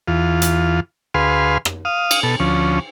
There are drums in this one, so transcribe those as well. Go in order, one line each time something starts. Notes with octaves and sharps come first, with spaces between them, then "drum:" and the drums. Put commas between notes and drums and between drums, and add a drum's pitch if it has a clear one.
E2 F4
drum: hi-hat
D2 G#4 B4 F5 C6
drum: rim click
F5 D#6
drum: cymbal
B2 A4
D2 F3 C#4